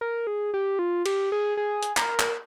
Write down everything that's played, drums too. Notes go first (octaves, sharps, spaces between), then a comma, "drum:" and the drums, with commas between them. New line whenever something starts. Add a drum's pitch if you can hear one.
A#4
G#4
G4
F4
G4, drum: cymbal
G#4
G#4
drum: hi-hat
A#4, drum: clap
drum: clap